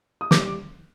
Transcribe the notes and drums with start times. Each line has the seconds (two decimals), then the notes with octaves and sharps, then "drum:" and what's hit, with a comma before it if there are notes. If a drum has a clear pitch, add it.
0.21 D#6
0.31 G3 D6, drum: snare